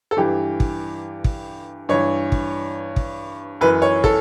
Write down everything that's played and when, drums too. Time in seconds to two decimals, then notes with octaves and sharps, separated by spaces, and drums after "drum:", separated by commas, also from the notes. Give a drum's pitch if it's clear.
0.11 A4
0.17 G2 E3 G4
0.60 drum: kick
1.24 drum: kick
1.89 G2 E3 C#5
2.32 drum: kick
2.96 drum: kick
3.61 F#2 E3 B4
3.82 C#5
4.04 A4, drum: kick